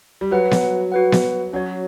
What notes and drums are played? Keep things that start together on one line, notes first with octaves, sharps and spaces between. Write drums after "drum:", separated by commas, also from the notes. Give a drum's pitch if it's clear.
G3
F#3 F#4 B4 F#5
drum: snare B3
F#4 B4 F#5
drum: snare B3
F#3 C#4 F#4 C#5